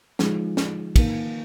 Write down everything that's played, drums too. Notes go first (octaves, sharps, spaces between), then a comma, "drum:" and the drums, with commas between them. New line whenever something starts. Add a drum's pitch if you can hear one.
F3 G#3 D#4 G#4, drum: snare
drum: snare
D#3 A#3 D#4, drum: kick, cymbal